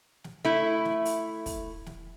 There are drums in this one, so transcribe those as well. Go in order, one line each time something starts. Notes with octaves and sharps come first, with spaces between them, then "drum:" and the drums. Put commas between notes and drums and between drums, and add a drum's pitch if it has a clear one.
drum: snare
A3 E4
drum: snare
drum: open hi-hat
drum: kick, open hi-hat
drum: snare